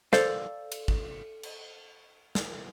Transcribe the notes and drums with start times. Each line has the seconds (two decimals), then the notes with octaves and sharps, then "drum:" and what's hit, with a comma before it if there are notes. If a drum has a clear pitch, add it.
0.13 A4 C5 D5 F5, drum: snare
0.72 drum: cymbal
0.88 drum: kick G#1
1.43 drum: cymbal
2.35 drum: snare